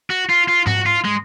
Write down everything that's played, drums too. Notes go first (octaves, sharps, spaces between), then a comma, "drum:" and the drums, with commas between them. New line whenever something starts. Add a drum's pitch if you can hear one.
F#4
F4
F4
F#4, drum: tom G#2
F4
G#3